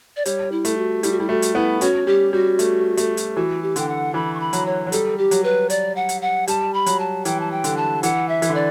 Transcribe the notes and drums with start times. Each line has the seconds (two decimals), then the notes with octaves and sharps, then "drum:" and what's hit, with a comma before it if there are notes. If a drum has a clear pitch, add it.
0.16 D5
0.25 G3 C#5, drum: hi-hat
0.52 E4
0.65 A3, drum: hi-hat
0.77 F#4
1.03 G3 E4, drum: hi-hat
1.11 F#4
1.20 G3 E4
1.29 A3 F#4
1.42 drum: hi-hat
1.55 B3 E4
1.81 C#4 F#4, drum: hi-hat
2.07 G3 G4
2.33 G3 F#4
2.59 A3, drum: hi-hat
2.97 A3, drum: hi-hat
3.17 drum: hi-hat
3.37 E3 F#4
3.62 G4
3.76 D3 G5, drum: hi-hat
3.89 F#5
4.14 E3 B5
4.34 C#6
4.40 B5
4.53 F#3, drum: hi-hat
4.66 C#5
4.87 F#3
4.92 G3 A4, drum: hi-hat
5.18 G4
5.31 F#3, drum: hi-hat
5.44 B4
5.70 D5, drum: hi-hat
5.96 F#5
6.09 drum: hi-hat
6.22 F#5
6.48 G3 A5, drum: hi-hat
6.74 B5
6.86 F#3, drum: hi-hat
7.00 A5
7.25 E3 G5, drum: hi-hat
7.40 A5
7.52 G5
7.64 D3, drum: hi-hat
7.77 A5
8.03 E3 F#5, drum: hi-hat
8.29 E5
8.42 E3, drum: hi-hat
8.49 D3
8.55 D5